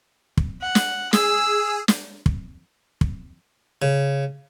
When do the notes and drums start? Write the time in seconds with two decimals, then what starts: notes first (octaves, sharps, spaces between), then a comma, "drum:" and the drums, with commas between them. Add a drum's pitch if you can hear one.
0.37 drum: kick
0.61 F#5
0.75 drum: snare
1.13 G#4 E6, drum: snare
1.88 drum: snare
2.26 drum: kick
3.01 drum: kick
3.82 C#3